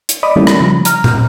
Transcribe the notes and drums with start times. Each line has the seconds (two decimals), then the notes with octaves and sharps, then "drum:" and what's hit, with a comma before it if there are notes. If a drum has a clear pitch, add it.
0.09 drum: hi-hat
0.23 D5 D#5 B5 D6 D#6
0.36 D#3 G3 A3 A#3 C#4 E4
0.47 drum: rim click
0.60 C#3 F3 G3
0.85 A#5 F6, drum: hi-hat
1.04 drum: tom A#2